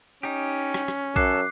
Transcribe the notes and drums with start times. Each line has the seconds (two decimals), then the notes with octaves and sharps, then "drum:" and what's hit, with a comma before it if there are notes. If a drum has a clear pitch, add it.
0.23 C#4 D#4 G4
0.74 drum: rim click
0.88 drum: rim click
1.16 F#2 A4 D6 F#6 C7, drum: kick A#1